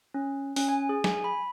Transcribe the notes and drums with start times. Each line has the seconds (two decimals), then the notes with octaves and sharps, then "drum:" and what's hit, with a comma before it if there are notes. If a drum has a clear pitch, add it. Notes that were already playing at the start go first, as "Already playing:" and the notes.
0.14 C#4
0.56 C#4, drum: open hi-hat
0.69 G#5
0.89 G#4
1.04 G#5, drum: snare
1.24 B5